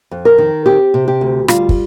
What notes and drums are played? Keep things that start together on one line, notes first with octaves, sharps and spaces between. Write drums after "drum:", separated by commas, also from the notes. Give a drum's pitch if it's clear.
F2
A#4
D#3
C4 G4
C3
G4
D2
G3 F4, drum: rim click
drum: kick